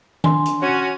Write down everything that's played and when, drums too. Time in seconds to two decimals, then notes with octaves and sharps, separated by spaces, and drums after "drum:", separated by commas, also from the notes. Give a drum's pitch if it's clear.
0.24 D4 G#5 C6, drum: tom D#3
0.45 drum: hi-hat
0.61 C#4 F#4